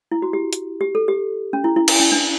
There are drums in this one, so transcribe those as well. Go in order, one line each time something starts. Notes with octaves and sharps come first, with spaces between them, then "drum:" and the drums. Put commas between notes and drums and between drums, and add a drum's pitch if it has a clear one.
E4
F#4
G4
drum: hi-hat
G4
A4
G4
C#4
E4
E4
drum: cymbal
C#4
D4